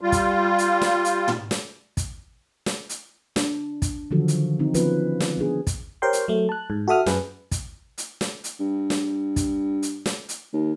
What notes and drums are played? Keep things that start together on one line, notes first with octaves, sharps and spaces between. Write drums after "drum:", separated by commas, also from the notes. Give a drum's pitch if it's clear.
G3 F4
drum: kick, hi-hat
drum: hi-hat
drum: snare
drum: hi-hat
drum: tom
drum: snare
drum: kick, hi-hat
drum: snare
drum: hi-hat
D4, drum: snare
drum: kick, hi-hat
D3 D#3 F3 F#3 F#4 A4
drum: hi-hat
C4 D#4
F3 B3 C#4 F4 B4, drum: hi-hat
drum: snare
B3 D4 G#4
drum: kick, hi-hat
G4 A#4 C5 C#5 G5 C6
drum: hi-hat
F#3 A3
A5 F#6
G#2
F#4 A4 E5 D#6 F6
F#2 G#4 B4, drum: snare
drum: kick, hi-hat
drum: hi-hat
drum: snare
drum: hi-hat
G2
drum: snare
drum: kick, hi-hat
drum: hi-hat
drum: snare
drum: hi-hat
D#2